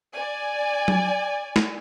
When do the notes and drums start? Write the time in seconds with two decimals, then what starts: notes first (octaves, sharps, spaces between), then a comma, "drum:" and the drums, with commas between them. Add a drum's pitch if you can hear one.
0.13 D5 G#5
0.88 drum: tom F#3
1.56 drum: snare